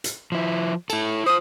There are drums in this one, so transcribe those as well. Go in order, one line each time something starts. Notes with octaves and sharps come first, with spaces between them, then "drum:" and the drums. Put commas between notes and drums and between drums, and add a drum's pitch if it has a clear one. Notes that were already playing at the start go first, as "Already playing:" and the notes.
drum: hi-hat
F3 E4
E4 A4, drum: cymbal
F4 C5 D#6